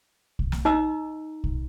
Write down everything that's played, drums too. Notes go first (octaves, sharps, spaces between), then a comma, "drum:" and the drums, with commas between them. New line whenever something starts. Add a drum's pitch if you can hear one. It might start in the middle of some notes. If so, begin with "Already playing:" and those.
drum: kick
drum: snare
D#4 D#5 A#5 E6
drum: kick